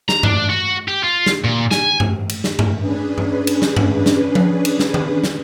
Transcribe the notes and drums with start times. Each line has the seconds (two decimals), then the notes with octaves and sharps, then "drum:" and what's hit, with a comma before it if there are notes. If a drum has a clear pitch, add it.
0.09 A#5, drum: snare
0.23 D4, drum: tom G2
0.49 F#4
0.88 G4
1.04 F4
1.26 drum: snare
1.44 A#2
1.71 G#5, drum: snare
2.00 drum: tom G2
2.29 drum: cymbal
2.44 drum: snare
2.59 drum: tom G2
2.80 C#4 D4 G#4 B4
3.18 drum: tom G2
3.47 drum: cymbal
3.62 drum: snare
3.76 drum: tom G2
4.06 drum: snare
4.35 drum: tom F3
4.65 drum: cymbal
4.79 drum: snare
4.94 drum: tom D#3
5.24 drum: snare